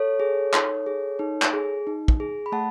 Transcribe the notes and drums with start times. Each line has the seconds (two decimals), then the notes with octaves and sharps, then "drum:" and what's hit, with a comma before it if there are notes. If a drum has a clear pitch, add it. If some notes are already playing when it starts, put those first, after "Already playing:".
Already playing: A4 C#5
0.20 G#4
0.53 D#4, drum: clap
0.86 G#4
1.19 D#4
1.42 drum: clap
1.54 G#4
1.87 D#4
2.08 drum: kick
2.20 G#4
2.46 B5
2.52 A3 F#5 A5